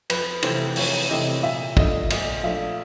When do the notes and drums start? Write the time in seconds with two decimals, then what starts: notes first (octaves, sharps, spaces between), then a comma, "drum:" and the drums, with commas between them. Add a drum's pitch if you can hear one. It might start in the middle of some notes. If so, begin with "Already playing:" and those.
0.10 F2 B4, drum: cymbal
0.42 C3 E3 A3 C4 C5, drum: cymbal
0.76 F2 C#5, drum: open hi-hat
1.10 C3 E3 A3 C4 D#5
1.43 A#2 E5
1.77 F3 A3 D4 D#5, drum: kick
2.10 A#2 D#5, drum: cymbal
2.43 F3 A3 D4 E5